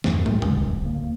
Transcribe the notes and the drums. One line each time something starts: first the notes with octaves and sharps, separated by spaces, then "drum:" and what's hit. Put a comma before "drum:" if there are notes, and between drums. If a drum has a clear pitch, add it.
E2 G2 E3 A3, drum: snare
D#2 A2 F#3 G3, drum: tom
D3, drum: tom F2
D1 A#1
D2 A#3